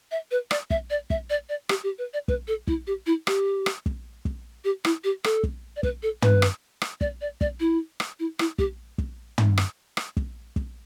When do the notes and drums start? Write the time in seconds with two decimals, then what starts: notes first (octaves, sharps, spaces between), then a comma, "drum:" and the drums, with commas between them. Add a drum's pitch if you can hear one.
0.11 E5
0.31 B4
0.51 D5, drum: rim click
0.70 E5, drum: kick
0.90 D5
1.10 E5, drum: kick
1.30 D5
1.49 D5
1.69 G4, drum: rim click
1.83 G4
1.98 B4
2.14 D5
2.28 B4, drum: kick
2.48 A4
2.67 E4, drum: kick
2.87 G4
3.06 E4
3.27 G4, drum: rim click
3.66 drum: rim click
3.86 drum: kick
4.25 drum: kick
4.64 G4
4.85 E4, drum: rim click
5.04 G4
5.24 A4, drum: rim click
5.43 drum: kick
5.76 D5
5.83 B4, drum: kick
6.03 A4
6.22 B4, drum: tom
6.42 drum: rim click
6.81 drum: rim click
7.01 D5, drum: kick
7.21 D5
7.41 D5, drum: kick
7.60 E4
8.00 drum: rim click
8.20 E4
8.39 E4, drum: rim click
8.59 G4, drum: kick
8.98 drum: kick
9.38 drum: tom
9.57 drum: rim click
9.97 drum: rim click
10.17 drum: kick
10.56 drum: kick